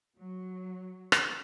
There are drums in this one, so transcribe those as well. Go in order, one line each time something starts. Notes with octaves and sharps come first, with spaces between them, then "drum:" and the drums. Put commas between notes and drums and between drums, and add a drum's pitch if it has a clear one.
F#3
drum: rim click